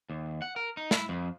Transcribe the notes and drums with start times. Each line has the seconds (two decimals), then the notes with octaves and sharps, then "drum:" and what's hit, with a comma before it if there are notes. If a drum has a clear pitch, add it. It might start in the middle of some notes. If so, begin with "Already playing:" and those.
0.10 D#2
0.42 F#5
0.56 A#4
0.77 D#4
0.91 E4, drum: snare
1.09 F2